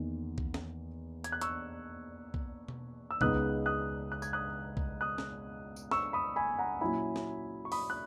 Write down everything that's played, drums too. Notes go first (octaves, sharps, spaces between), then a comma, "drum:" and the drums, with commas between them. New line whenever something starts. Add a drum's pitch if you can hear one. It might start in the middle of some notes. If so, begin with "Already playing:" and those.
Already playing: E2 D#3 A#3 D#4
drum: kick B1
drum: snare
G#6, drum: hi-hat
F#6
C#6 E6, drum: hi-hat
drum: kick B1
drum: tom B2
E6
C#2 C#3 G#3 B3 D#4 D#6 F#6, drum: kick B1
D#6 F#6
F#6
G#6, drum: tambourine
D#6 F#6
drum: kick B1
D#6 F#6
drum: snare
drum: tambourine
C#6 E6, drum: snare
B5 D#6
G#5 B5
F#5 A#5
A#2 F#3 C#4 E4 G#5 B5
drum: snare
C#6
B5 D#6, drum: open hi-hat
F#6